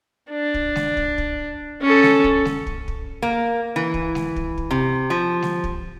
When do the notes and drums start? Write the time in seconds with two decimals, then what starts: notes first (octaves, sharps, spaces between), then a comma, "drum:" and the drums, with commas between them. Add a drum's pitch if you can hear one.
0.30 D4
0.54 drum: kick
0.76 drum: snare G#3
0.97 drum: kick
1.18 drum: kick
1.82 C#4 A4
2.03 drum: snare G#3
2.24 drum: kick
2.45 drum: snare G#3
2.67 drum: kick
2.88 drum: kick
3.22 A#3
3.76 E3
3.94 drum: kick
4.15 drum: snare G#3
4.36 drum: kick
4.58 drum: kick
4.71 C3
5.10 F3
5.42 drum: snare G#3
5.64 drum: kick